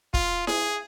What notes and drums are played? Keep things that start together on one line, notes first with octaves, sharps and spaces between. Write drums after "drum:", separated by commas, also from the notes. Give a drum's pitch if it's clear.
F4, drum: kick
G#4, drum: snare E4